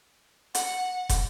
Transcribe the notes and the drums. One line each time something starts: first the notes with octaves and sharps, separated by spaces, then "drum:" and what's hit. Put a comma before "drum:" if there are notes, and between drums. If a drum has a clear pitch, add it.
F#5, drum: hi-hat
drum: kick, hi-hat